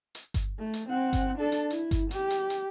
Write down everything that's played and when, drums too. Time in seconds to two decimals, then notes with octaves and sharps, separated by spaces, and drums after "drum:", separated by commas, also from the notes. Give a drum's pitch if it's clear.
0.15 drum: hi-hat
0.34 drum: kick G1, hi-hat
0.59 A3
0.74 drum: hi-hat
0.90 C4 F#5
1.13 drum: kick G1, hi-hat
1.38 D4 A4
1.52 drum: hi-hat
1.70 E4, drum: hi-hat
1.91 drum: kick G1, hi-hat
2.11 G4, drum: hi-hat
2.30 drum: hi-hat
2.50 drum: hi-hat